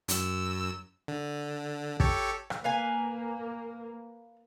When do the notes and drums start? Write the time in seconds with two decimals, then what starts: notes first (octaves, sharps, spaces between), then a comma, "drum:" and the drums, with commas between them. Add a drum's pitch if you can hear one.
0.08 F#2 E6, drum: hi-hat
1.08 D3
2.00 G4 A4 C#5, drum: kick
2.50 drum: rim click
2.64 A#3 B4 F5 G#5